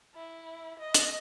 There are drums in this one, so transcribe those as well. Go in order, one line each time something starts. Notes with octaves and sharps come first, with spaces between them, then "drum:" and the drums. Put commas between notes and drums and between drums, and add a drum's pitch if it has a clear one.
E4
D#5
drum: hi-hat